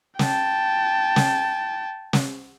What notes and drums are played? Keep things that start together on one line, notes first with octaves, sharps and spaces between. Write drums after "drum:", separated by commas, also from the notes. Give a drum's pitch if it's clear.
G5 A5, drum: snare
drum: snare
drum: snare